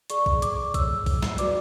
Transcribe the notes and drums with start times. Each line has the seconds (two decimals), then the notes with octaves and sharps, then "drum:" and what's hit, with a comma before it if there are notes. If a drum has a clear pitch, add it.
0.10 G#4 D5 C#6, drum: hi-hat
0.26 drum: kick B1
0.42 D6, drum: hi-hat
0.74 G#4 C#5 E6, drum: kick B1, hi-hat
1.06 drum: kick B1, open hi-hat
1.22 drum: snare
1.38 F#4 B4 D5 D6, drum: hi-hat